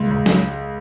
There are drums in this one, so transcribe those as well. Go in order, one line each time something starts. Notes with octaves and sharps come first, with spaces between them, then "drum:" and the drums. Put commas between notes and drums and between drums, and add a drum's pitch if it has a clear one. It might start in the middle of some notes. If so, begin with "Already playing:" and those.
Already playing: C#2
C#2
drum: snare